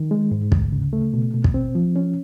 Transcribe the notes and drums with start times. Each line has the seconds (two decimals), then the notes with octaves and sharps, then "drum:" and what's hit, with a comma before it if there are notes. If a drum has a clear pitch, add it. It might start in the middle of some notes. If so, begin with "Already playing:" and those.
Already playing: D#3
0.11 G#3
0.31 G#2
0.52 D2, drum: kick
0.72 C#3
0.93 A3
1.14 B2
1.34 B2
1.44 drum: kick
1.54 C4
1.75 F3
1.96 C#4